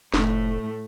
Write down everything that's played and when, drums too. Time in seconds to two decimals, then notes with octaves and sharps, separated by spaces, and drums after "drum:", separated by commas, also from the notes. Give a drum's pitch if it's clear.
0.14 F1 A2 A3, drum: snare